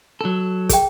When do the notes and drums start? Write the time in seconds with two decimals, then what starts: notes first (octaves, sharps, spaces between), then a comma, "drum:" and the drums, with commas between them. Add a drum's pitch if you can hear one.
0.21 F#3 A4
0.69 G#4 G5, drum: kick, hi-hat